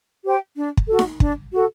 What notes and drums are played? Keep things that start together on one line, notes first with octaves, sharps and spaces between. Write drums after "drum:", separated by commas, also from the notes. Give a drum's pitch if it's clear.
G4 C5 G5
D4
drum: kick
F#4 A4
drum: snare D#4
D4, drum: kick
F#4 A4